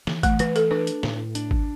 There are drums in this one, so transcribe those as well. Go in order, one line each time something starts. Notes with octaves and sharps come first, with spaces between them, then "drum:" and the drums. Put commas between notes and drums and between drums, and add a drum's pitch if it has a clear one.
E3, drum: snare
A3, drum: kick G#1, hi-hat
E3 B4, drum: hi-hat
A4, drum: hi-hat
D4 B4
drum: hi-hat
A2, drum: snare
D4, drum: hi-hat
drum: kick G#1